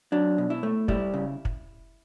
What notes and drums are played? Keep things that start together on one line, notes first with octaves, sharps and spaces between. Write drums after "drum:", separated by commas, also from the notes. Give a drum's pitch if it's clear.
F#3 D4
B2
E4
A3
G3 E4, drum: kick
C#3
drum: kick